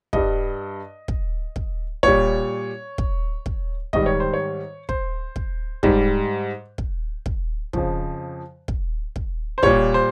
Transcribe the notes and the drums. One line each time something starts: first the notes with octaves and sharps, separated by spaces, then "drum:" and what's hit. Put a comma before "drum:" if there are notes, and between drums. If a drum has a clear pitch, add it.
G2 G3 D#5, drum: kick
drum: kick
drum: kick
A#2 G3 C#5, drum: kick
drum: kick
drum: kick
G#2 D#3 G3 D#5, drum: kick
C#5
C5
C#5
C5, drum: kick
drum: kick
G#2 G3, drum: kick
drum: kick
drum: kick
F2 C#3 F3, drum: kick
drum: kick
drum: kick
C5
A#2 G3 C#5, drum: kick
C5